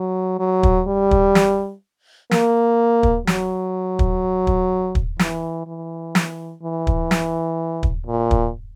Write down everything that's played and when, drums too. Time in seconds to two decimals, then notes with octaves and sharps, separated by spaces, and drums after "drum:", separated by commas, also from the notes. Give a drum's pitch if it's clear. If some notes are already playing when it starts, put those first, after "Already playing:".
Already playing: F#3
0.39 F#3
0.63 drum: kick
0.87 G3
1.11 drum: kick
1.35 drum: snare
2.31 A#3, drum: snare
3.03 drum: kick
3.27 F#3, drum: snare
3.99 drum: kick
4.47 drum: kick
4.95 drum: kick
5.19 E3, drum: snare
5.67 E3
6.15 drum: snare
6.63 E3
6.87 drum: kick
7.11 drum: snare
7.83 drum: kick
8.07 A#2
8.31 drum: kick